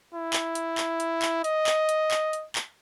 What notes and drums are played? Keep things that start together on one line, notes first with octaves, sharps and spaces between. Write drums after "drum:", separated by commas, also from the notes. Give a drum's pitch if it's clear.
E4
drum: clap
drum: hi-hat
drum: clap
drum: hi-hat
drum: clap
D#5, drum: hi-hat
drum: clap
drum: hi-hat
drum: clap
drum: hi-hat
drum: clap